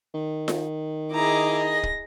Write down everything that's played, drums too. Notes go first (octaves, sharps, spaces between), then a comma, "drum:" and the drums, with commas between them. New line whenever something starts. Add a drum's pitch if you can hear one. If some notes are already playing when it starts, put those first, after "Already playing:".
D#3
drum: snare F4
E4 G#4 D#5 A#5 D6
A#6
drum: kick